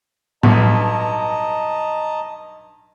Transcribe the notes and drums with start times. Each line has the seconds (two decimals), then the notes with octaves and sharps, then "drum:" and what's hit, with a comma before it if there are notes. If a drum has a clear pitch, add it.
0.43 B1 G2 D#5 A5 A#5, drum: tom A2